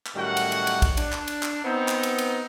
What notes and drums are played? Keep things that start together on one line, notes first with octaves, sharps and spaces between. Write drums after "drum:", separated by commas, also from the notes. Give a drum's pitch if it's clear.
drum: clap
F#2 A2 D#3 G3 F#4 F#5
drum: cymbal
drum: cymbal
drum: cymbal
drum: kick, cymbal
D4, drum: cymbal
drum: clap
drum: cymbal
drum: clap
B3 C4 D#4
drum: clap
drum: cymbal
drum: cymbal